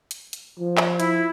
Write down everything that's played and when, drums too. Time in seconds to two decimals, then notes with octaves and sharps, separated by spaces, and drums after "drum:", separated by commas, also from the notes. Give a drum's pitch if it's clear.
0.11 drum: hi-hat
0.33 drum: hi-hat
0.59 F3
0.77 drum: clap
1.00 E4, drum: hi-hat